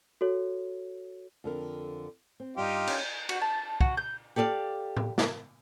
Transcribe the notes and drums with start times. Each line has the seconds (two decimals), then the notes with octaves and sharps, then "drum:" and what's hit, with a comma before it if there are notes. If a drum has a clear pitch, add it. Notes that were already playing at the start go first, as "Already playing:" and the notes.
0.21 F#4 A4 C#5
1.44 F2 D3 A#4
2.40 C4
2.57 G2 G3 D#4 F4 G4
2.87 C#4, drum: cymbal
3.29 F#4, drum: cymbal
3.42 A5
3.81 F#4, drum: kick
3.97 G6
4.36 G4 A4 D5 E5 F5
4.97 drum: tom A2
5.18 drum: snare